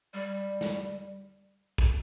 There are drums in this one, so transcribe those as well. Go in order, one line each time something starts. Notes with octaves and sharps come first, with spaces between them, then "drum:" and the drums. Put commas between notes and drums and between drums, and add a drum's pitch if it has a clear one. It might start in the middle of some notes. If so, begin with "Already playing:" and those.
G3
drum: snare
drum: kick A#1